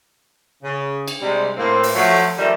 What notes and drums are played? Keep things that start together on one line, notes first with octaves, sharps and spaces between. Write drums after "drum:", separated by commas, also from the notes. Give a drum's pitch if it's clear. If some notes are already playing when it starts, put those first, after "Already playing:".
C#3
drum: cymbal
C3 G3 G#3
A2 A#3 C4
drum: open hi-hat
F3 F#3 A3
D#3 F3 G3 A3 D#4 A4